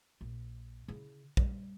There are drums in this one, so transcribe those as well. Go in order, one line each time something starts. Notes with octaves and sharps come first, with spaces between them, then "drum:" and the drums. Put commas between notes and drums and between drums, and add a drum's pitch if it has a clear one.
A#1
C#3 E4
G3, drum: kick